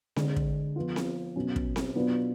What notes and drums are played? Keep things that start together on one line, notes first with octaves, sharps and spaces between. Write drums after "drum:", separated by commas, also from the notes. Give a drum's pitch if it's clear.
D3 G#3 D4, drum: snare C4
drum: kick
F3 B3 F4
drum: snare C4
B2 F#3 C#4
drum: kick
drum: snare C4
B2 F#3 B3 D4 F4